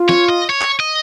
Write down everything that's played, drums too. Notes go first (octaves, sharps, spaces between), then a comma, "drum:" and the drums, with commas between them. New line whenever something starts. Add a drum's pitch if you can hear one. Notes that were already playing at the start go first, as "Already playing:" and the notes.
Already playing: F4
C#5, drum: snare
D#5
C#5
drum: clap
D#5